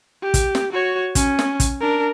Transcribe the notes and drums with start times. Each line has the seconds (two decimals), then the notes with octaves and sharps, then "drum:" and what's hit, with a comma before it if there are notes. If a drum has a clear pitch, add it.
0.22 G4
0.34 drum: kick, hi-hat
0.55 drum: snare
0.73 F#4 C#5
1.15 C#4, drum: kick, hi-hat
1.39 drum: snare
1.60 drum: kick, hi-hat
1.81 D4 A#4